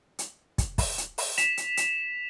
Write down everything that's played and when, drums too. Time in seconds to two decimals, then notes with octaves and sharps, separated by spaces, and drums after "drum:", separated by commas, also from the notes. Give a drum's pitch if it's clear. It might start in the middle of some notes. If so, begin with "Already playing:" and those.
0.19 drum: hi-hat
0.58 drum: kick, hi-hat
0.78 drum: kick, open hi-hat
0.98 drum: hi-hat
1.18 drum: open hi-hat
1.38 B6 E7 F7, drum: hi-hat
1.57 drum: hi-hat
1.77 drum: hi-hat